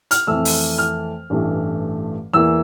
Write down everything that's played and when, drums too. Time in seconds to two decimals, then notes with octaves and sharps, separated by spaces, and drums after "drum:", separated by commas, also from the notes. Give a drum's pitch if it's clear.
0.11 F6, drum: hi-hat
0.27 F2 E3 A3 E6
0.45 drum: open hi-hat
0.78 F6
1.30 A1 G2 E3 A3
2.33 E2 E3 A#3 E6